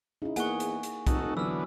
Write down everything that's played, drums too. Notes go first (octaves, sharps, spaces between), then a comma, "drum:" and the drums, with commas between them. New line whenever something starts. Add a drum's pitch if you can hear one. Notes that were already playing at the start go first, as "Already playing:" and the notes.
C#3 D#4 E4
E2 A#3 G#4 F#5 G#5 C#6, drum: hi-hat
drum: hi-hat
drum: hi-hat
F1 D#4 F#4 A4, drum: kick, hi-hat
D3 E3 F#3 B3 E6 F6